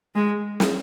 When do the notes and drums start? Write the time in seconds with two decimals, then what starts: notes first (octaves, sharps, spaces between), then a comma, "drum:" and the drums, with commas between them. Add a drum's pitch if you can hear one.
0.15 G#3
0.60 drum: snare